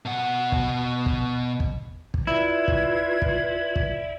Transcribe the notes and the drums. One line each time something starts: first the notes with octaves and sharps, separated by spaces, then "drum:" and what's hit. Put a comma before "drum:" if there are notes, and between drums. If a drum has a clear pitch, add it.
B2 F#5
drum: kick
drum: kick
drum: kick
drum: kick
E4 F4 B4 D5 E5 G#6
drum: kick
drum: kick
drum: kick